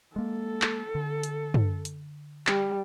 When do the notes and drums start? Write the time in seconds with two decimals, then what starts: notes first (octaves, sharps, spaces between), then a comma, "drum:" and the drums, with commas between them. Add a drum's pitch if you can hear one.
0.16 G#3 A#3 A4
0.62 drum: clap
0.95 D3
1.23 drum: hi-hat
1.54 drum: tom
1.85 drum: hi-hat
2.47 G3, drum: clap